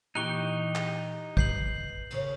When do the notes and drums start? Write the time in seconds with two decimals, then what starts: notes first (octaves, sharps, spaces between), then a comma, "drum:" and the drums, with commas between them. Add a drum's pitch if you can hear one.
0.15 A#2 E3 D#4 G4 C#6 F#6 G7
0.75 drum: clap
1.37 B4 G6 C7 F#7, drum: kick A1
2.11 D#2 C#3 C#5, drum: cymbal